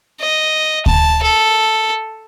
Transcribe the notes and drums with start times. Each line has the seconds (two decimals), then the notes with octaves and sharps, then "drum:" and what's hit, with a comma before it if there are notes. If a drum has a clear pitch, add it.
0.21 D#5
0.86 A5, drum: kick D2
1.22 A4